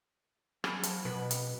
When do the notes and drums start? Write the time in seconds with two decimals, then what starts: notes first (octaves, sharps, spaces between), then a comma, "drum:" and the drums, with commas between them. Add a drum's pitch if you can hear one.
0.64 F#3 C#4 G#4 B5, drum: rim click
0.83 F3, drum: hi-hat
1.05 B2 B4
1.31 drum: hi-hat